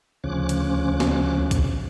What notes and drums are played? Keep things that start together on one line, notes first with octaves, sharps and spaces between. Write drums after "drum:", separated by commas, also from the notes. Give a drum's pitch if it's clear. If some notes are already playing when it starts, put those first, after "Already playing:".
D2 C#3 F3 C#4 D6 F#6
drum: hi-hat
drum: snare
drum: kick, hi-hat